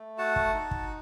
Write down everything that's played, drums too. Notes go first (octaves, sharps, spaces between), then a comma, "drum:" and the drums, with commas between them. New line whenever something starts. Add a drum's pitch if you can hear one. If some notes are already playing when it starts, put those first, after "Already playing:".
Already playing: A3
F#4 F#5 A5
drum: kick
D#4
drum: kick